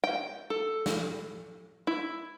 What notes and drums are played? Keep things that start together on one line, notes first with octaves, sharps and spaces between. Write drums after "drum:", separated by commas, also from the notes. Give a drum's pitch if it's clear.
G5
A4
drum: snare
E4